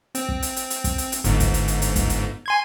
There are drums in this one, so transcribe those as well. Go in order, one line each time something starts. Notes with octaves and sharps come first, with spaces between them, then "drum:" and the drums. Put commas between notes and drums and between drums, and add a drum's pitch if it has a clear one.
C4, drum: hi-hat
drum: kick
drum: hi-hat
drum: hi-hat
drum: hi-hat
drum: kick, hi-hat
drum: hi-hat
drum: hi-hat
G1 G#2, drum: hi-hat
drum: kick, hi-hat
drum: hi-hat
drum: hi-hat
drum: hi-hat
drum: kick, hi-hat
drum: hi-hat
G#5 C6 G#6